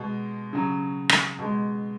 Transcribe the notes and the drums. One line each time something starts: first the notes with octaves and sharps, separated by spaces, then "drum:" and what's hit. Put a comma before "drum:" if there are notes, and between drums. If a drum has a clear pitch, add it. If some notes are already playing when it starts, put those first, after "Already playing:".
Already playing: B2 G#3
C#3 F#3
drum: rim click
B2 G#3